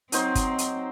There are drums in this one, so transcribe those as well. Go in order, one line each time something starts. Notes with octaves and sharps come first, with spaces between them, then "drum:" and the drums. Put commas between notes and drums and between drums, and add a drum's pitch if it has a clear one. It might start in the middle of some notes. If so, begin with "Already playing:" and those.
F#3 C4 D#4 C5, drum: hi-hat
drum: kick G1, hi-hat
drum: hi-hat